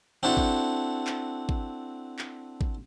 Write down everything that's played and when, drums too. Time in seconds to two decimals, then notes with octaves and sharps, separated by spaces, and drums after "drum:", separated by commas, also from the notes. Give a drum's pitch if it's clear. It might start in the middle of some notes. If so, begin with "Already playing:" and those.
0.23 C4 D4 E4 F#4 A4
0.37 drum: kick
1.07 drum: clap
1.49 drum: kick
2.19 drum: clap
2.61 drum: kick